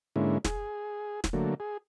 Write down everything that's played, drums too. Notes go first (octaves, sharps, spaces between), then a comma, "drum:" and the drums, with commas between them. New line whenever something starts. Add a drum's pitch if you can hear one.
G#2 D3 G#3 A#3 C#4 E4
G#4, drum: snare
drum: snare
D3 F#3 A3 A#3
G#4